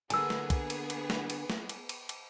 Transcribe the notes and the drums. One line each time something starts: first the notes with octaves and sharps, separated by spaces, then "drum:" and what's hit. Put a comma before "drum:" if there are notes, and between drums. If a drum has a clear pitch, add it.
D3 A#3 B3 G#4 G#5 E6, drum: cymbal
drum: snare
drum: kick, cymbal
drum: cymbal
drum: cymbal
drum: snare
drum: cymbal
drum: snare
drum: cymbal
drum: cymbal
drum: cymbal